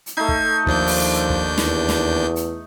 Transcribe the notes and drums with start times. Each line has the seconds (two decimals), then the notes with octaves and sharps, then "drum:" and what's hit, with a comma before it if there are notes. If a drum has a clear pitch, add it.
0.06 drum: hi-hat
0.17 A3 D#4 G#6 C7
0.28 drum: kick
0.66 D#2 F3 D4 G6, drum: kick
0.87 drum: open hi-hat
1.30 drum: kick
1.58 E2, drum: snare
1.89 drum: snare
2.36 drum: hi-hat